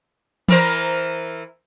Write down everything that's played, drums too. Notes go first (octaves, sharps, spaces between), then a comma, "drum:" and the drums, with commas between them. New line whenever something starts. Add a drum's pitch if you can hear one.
E3 A#4 C5, drum: tom E3